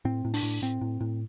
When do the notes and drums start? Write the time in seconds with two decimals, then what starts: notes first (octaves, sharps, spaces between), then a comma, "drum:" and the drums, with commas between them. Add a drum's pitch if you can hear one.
0.05 A2 C4
0.25 A2
0.34 D4, drum: open hi-hat
0.43 A2
0.62 A2 C4
0.81 A2
1.01 A2